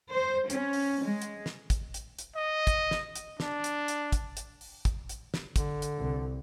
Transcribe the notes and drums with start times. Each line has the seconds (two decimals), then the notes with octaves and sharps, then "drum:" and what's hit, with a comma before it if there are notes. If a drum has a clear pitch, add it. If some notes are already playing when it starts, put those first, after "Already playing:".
0.12 C5
0.50 C#4, drum: hi-hat
0.73 drum: open hi-hat
1.02 G#3
1.22 drum: hi-hat
1.46 drum: snare
1.70 drum: kick, hi-hat
1.94 drum: hi-hat
2.19 drum: hi-hat
2.36 D#5
2.67 drum: kick, hi-hat
2.91 drum: snare
3.15 drum: hi-hat
3.40 D4, drum: snare
3.64 drum: hi-hat
3.88 drum: hi-hat
4.12 drum: kick, hi-hat
4.37 drum: hi-hat
4.61 drum: open hi-hat
4.85 drum: kick, hi-hat
5.09 drum: hi-hat
5.34 drum: snare
5.56 D3, drum: kick, hi-hat
5.82 drum: hi-hat
5.97 C2